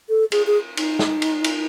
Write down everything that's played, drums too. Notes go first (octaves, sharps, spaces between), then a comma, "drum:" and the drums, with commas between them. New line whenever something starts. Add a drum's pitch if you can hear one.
A4
G#4, drum: cymbal
G#4
D#4, drum: cymbal
drum: snare
drum: cymbal
drum: cymbal